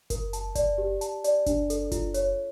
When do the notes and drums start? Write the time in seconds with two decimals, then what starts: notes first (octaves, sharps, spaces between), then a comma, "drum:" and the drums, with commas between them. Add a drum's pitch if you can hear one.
0.10 A#4, drum: kick F#1, hi-hat
0.33 A5, drum: hi-hat
0.55 D5, drum: kick F#1, hi-hat
0.78 G4
1.01 A5, drum: hi-hat
1.24 D5, drum: hi-hat
1.46 D4, drum: kick F#1, hi-hat
1.70 A4, drum: hi-hat
1.92 F4, drum: kick F#1, hi-hat
2.14 C#5, drum: hi-hat